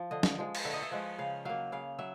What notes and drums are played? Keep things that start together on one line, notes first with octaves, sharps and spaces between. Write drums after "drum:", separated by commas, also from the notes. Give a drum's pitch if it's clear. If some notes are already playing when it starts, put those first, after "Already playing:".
Already playing: F3
D3 D#5
drum: snare
F3 G#3
drum: cymbal
D3 E5
D#5
E5
F3 G#3 F#5
C#3 F5
F#3 A#3 F5
C#3 F5
F#3 E5